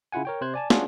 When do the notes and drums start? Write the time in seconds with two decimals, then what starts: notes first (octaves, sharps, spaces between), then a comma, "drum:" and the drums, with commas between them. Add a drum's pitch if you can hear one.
0.12 C#3 E4 F4 F#5 G#5
0.25 A#4 C#5 G5
0.41 C3 C5 F#6 G#6
0.54 D5 G#5 A5
0.70 C#4 D4 F4 F#4 G#4 C#5, drum: snare